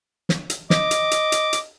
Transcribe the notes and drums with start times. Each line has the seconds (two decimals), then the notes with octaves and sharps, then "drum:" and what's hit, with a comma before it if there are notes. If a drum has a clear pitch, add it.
0.29 drum: snare
0.50 drum: hi-hat
0.70 D#5 D6, drum: snare
0.91 drum: hi-hat
1.11 drum: hi-hat
1.32 drum: hi-hat
1.53 drum: hi-hat